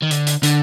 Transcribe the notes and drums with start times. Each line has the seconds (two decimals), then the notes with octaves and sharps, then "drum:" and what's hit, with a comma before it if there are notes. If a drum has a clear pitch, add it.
0.02 D#3
0.11 D3, drum: hi-hat
0.27 drum: hi-hat
0.43 D3, drum: hi-hat